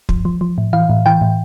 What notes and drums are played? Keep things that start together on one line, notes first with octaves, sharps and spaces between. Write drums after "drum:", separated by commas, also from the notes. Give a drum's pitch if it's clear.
F3, drum: kick
F3
F3
A2
E3 F5
A2
E3 G5
A2